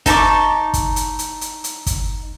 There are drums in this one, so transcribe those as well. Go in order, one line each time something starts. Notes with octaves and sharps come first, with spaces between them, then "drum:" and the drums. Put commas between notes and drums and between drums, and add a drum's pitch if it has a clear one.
D#4 A5 C#6 D6, drum: kick, hi-hat
drum: kick, hi-hat
drum: hi-hat
drum: hi-hat
drum: hi-hat
drum: hi-hat
drum: kick, hi-hat